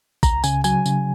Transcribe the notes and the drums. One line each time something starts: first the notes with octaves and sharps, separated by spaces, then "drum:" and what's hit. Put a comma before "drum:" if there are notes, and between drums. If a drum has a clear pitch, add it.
C#2 A#5, drum: kick A1, tambourine
C#3 G#5, drum: tambourine
F#3 G#5, drum: tambourine
C#3, drum: tambourine